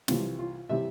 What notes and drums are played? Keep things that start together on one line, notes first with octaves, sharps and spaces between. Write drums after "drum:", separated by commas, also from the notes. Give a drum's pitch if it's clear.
C2 C3 E3 F4, drum: snare
F4
C3 E3 G3 E5